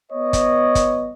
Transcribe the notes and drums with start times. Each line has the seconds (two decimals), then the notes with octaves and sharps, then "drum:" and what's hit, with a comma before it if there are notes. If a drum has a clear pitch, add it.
0.12 B3 C#5 D#5
0.33 drum: kick, hi-hat
0.75 drum: kick, hi-hat